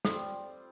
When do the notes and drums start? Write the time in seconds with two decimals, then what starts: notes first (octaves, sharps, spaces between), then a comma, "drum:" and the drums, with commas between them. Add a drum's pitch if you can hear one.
0.05 G3 C4 F4 A4, drum: snare